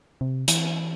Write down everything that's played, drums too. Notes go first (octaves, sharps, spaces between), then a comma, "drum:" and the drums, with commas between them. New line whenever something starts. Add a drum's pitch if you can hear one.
C3
E3, drum: hi-hat